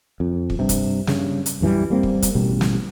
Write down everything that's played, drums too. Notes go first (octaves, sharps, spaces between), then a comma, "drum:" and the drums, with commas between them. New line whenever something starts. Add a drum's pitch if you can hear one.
F2
drum: kick
G2 C3
drum: kick, hi-hat
G2 C#3, drum: snare
drum: hi-hat
A#1 F#2 E3 G3
G3 A#3 C4
drum: kick
drum: kick, hi-hat
A1 B2 G3
drum: snare